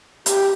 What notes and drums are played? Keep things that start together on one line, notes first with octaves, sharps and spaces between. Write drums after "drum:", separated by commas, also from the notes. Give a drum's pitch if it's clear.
G4, drum: hi-hat